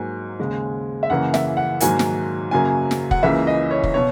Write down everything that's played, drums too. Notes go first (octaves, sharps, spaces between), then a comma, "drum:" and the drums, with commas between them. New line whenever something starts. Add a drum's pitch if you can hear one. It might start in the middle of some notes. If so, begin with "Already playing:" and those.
Already playing: G#2 F#3 A#3 G#5
D#2 C#3 G#3
E5
F#2 C#3 E3 A#3 F#5
E5, drum: snare
F#5
G#2 D#3 F#3 A#3 G#5, drum: hi-hat
drum: snare
F#2 C#3 F#3 A#3 G#5
drum: snare
F#5, drum: kick
C#2 C#3 E3 A#3 E5
D#5
C#5
drum: kick
B2 C#5